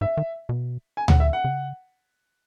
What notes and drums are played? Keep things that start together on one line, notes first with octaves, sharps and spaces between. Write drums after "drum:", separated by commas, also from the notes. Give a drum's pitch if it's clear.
G#2 E5
D#3
B2
G#5
F#5, drum: tom D2
E5
F#5
C#3